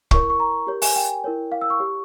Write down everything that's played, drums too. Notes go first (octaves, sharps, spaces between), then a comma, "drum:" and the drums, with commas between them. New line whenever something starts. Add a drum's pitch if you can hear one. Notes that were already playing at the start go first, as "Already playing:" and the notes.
E4 A#4 C#5 C#6, drum: kick
C#6
A#5
G4 A#4 C#5
G#5, drum: open hi-hat
G5
E4 A#4 C#5
F5
E6
C#6
G4 C#5